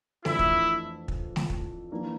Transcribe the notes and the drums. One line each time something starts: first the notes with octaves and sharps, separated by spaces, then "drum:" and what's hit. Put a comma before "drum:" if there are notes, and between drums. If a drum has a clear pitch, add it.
F2 E3 A3 D4 E4 A4, drum: snare A3
drum: kick
drum: kick
drum: snare A3
drum: kick
E3 A#3 D4